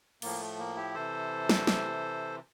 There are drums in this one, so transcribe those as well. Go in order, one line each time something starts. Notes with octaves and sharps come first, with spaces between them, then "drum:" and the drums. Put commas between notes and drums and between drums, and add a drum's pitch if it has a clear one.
A2 F3 A#3, drum: cymbal
A3
A#3
E4 G4
C3 E3 A4 C5
drum: snare
C3 E3, drum: snare